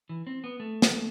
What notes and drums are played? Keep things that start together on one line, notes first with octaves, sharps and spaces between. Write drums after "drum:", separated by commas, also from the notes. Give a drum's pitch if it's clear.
E3
C4
B3
A3
drum: snare